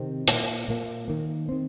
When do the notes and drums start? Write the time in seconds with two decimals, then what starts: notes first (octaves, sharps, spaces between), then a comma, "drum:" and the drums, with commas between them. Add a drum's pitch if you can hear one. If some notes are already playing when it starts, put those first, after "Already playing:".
Already playing: C3 D#3 C4
0.28 A#2 A#3, drum: hi-hat
0.68 A#2 A#3
1.08 D#3 A#3
1.49 D#3 C4